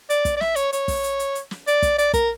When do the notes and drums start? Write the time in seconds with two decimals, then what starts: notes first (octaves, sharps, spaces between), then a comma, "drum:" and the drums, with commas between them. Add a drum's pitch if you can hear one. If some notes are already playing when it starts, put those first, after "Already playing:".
0.10 D5, drum: hi-hat
0.25 drum: kick, hi-hat
0.37 D5
0.41 E5, drum: snare
0.56 C#5, drum: hi-hat
0.73 C#5, drum: hi-hat
0.88 drum: kick, open hi-hat
1.04 drum: hi-hat
1.19 drum: hi-hat
1.35 drum: hi-hat
1.51 drum: snare
1.67 D5, drum: hi-hat
1.82 drum: kick, hi-hat
1.99 D5, drum: hi-hat
2.13 A#4, drum: kick, hi-hat